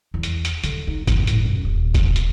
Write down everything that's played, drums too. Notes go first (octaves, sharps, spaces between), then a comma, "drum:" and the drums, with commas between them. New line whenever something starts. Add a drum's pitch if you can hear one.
E2
drum: hi-hat
drum: hi-hat
D3, drum: hi-hat
D#4
G2, drum: kick, hi-hat
A2, drum: hi-hat
F#2
D#1
drum: kick, hi-hat
drum: hi-hat